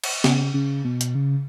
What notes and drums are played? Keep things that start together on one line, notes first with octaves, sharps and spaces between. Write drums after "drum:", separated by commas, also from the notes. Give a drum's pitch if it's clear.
drum: cymbal
C#3, drum: snare
C#3
B2
drum: hi-hat
C#3